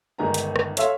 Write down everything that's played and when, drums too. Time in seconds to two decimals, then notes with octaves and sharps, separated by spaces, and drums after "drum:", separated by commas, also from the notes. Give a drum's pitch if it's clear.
0.18 G1 D#3 G#3 G#5 A#5
0.34 drum: hi-hat
0.56 drum: rim click
0.77 A4 C#5 E5 F5 C6 E6, drum: hi-hat